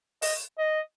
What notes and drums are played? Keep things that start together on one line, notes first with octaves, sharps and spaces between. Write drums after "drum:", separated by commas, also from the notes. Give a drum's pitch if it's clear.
D#5, drum: open hi-hat
D#5